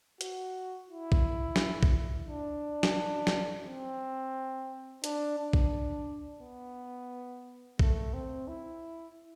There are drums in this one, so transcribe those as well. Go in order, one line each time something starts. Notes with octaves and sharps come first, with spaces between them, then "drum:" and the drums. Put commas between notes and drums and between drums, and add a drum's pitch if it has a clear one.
F#4, drum: hi-hat
E4
drum: kick A#1
drum: snare
drum: kick A#1
D4
drum: snare
drum: snare
C4
D4, drum: hi-hat
D4
drum: kick A#1
B3
A3, drum: kick A#1
C4
E4